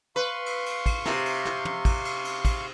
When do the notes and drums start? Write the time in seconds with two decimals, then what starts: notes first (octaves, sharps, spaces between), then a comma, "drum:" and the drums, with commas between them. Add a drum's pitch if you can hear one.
0.16 B4 F5 C6 C#6
0.46 drum: cymbal
0.66 drum: cymbal
0.86 drum: kick, cymbal
1.06 C3, drum: snare
1.26 drum: cymbal
1.45 drum: snare
1.65 drum: tom
1.85 drum: kick, cymbal
2.05 drum: cymbal
2.25 drum: cymbal
2.45 drum: kick, cymbal